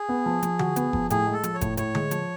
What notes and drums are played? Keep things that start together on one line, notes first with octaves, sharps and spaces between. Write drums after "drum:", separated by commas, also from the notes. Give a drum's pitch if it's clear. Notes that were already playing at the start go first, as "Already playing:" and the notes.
Already playing: G#4
B3
F3
F3, drum: hi-hat
F#4, drum: tom D3
B3, drum: hi-hat
F3, drum: kick F1
A2 G#4, drum: hi-hat
G#3
A4
F3, drum: hi-hat
C#5
A2, drum: kick F1, hi-hat
A2 C#5, drum: hi-hat
G#3, drum: tom D3
F3, drum: hi-hat